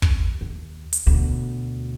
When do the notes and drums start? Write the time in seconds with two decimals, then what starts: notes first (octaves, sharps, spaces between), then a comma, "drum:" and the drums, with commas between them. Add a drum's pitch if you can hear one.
0.02 D#2, drum: kick
0.41 D#2
0.93 drum: hi-hat
1.06 D2 B2